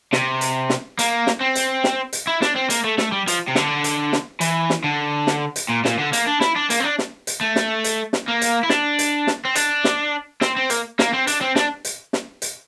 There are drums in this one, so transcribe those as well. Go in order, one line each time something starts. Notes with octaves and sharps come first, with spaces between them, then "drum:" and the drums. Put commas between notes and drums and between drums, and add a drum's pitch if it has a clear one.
C3, drum: snare
drum: hi-hat
drum: snare
A#3, drum: hi-hat
drum: snare
C4
drum: hi-hat
drum: snare
drum: hi-hat
E4
D4, drum: snare
C4
A#3, drum: hi-hat
A3
A3, drum: snare
G3
F3, drum: hi-hat
C3
D3, drum: snare
drum: hi-hat
drum: snare
E3, drum: hi-hat
drum: snare
D3
drum: snare
drum: hi-hat
A#2
A#2, drum: snare
D3
A#3, drum: hi-hat
D4
E4, drum: snare
D4
A#3, drum: hi-hat
C4
D4
drum: snare
drum: hi-hat
A3
drum: snare
drum: hi-hat
drum: snare
A#3
drum: hi-hat
E4
D4, drum: snare
drum: hi-hat
drum: snare
C4
D4, drum: hi-hat
drum: snare
C4, drum: snare
C4
A#3, drum: hi-hat
A#3, drum: snare
C4
D4, drum: hi-hat
C4
D4, drum: snare
drum: hi-hat
drum: snare
drum: hi-hat